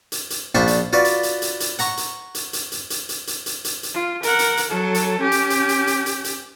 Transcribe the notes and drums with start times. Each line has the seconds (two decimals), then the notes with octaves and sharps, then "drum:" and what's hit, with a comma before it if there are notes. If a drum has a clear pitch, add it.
0.12 drum: hi-hat
0.30 drum: hi-hat
0.55 A#1 D4 F4 C5 B5 C#6
0.67 drum: hi-hat
0.93 F4 F#4 B4 D5
1.05 drum: hi-hat
1.23 drum: hi-hat
1.42 drum: hi-hat
1.60 drum: hi-hat
1.79 F#5 A#5 C#6, drum: hi-hat
1.97 drum: hi-hat
2.35 drum: hi-hat
2.53 drum: hi-hat
2.72 drum: hi-hat
2.90 drum: hi-hat
3.09 drum: hi-hat
3.27 drum: hi-hat
3.46 drum: hi-hat
3.64 drum: hi-hat
3.83 drum: hi-hat
3.94 F4
4.23 A#4 F#5, drum: hi-hat
4.39 drum: hi-hat
4.57 drum: hi-hat
4.71 F#3 A4
4.94 drum: hi-hat
5.20 C#4 G4
5.32 drum: hi-hat
5.50 drum: hi-hat
5.69 drum: hi-hat
5.87 drum: hi-hat
6.06 drum: hi-hat
6.24 drum: hi-hat